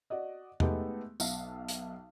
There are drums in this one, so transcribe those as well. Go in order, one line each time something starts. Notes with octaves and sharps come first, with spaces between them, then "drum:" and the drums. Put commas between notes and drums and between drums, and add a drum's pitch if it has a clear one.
F#4 D5 D#5
G#3 A3 B3 D#4 G4, drum: tom E2
B1 E5 F5, drum: tambourine
drum: hi-hat